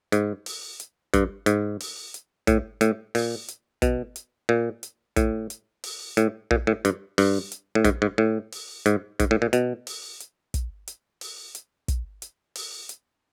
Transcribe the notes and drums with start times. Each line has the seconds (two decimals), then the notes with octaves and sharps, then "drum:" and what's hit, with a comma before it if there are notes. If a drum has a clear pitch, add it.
0.12 G#2, drum: hi-hat
0.46 drum: open hi-hat
0.80 drum: hi-hat
1.14 G2, drum: kick, hi-hat
1.46 G#2, drum: hi-hat
1.80 drum: open hi-hat
2.14 drum: hi-hat
2.47 A2, drum: kick, hi-hat
2.81 A2, drum: hi-hat
3.15 A#2, drum: open hi-hat
3.48 drum: hi-hat
3.82 B2, drum: kick, hi-hat
4.16 drum: hi-hat
4.49 A#2
4.83 drum: hi-hat
5.16 A2, drum: kick, hi-hat
5.50 drum: hi-hat
5.84 drum: open hi-hat
6.17 A2, drum: hi-hat
6.51 A#2, drum: kick
6.67 A2
6.85 G2, drum: hi-hat
7.18 G2, drum: open hi-hat
7.52 drum: hi-hat
7.75 A2
7.85 G#2, drum: kick, hi-hat
8.02 G#2
8.18 A2
8.52 drum: open hi-hat
8.86 G#2, drum: hi-hat
9.20 G#2, drum: kick, hi-hat
9.31 A2
9.42 A#2
9.53 B2, drum: hi-hat
9.87 drum: open hi-hat
10.20 drum: hi-hat
10.54 drum: kick, hi-hat
10.88 drum: hi-hat
11.21 drum: open hi-hat
11.55 drum: hi-hat
11.88 drum: kick, hi-hat
12.22 drum: hi-hat
12.55 drum: open hi-hat
12.89 drum: hi-hat